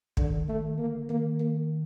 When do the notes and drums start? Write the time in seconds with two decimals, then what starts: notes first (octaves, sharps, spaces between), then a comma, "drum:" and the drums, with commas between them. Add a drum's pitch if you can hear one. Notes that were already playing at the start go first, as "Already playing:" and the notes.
0.17 D3 D#3, drum: kick
0.47 D#3 A3
0.78 D3 A#3
1.09 D#3 A#3
1.40 A#3